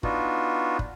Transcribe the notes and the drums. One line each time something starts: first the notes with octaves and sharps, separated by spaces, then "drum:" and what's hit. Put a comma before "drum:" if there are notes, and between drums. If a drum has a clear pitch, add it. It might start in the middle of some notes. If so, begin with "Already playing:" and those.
B3 D4 D#4 F4 F#4, drum: kick
drum: kick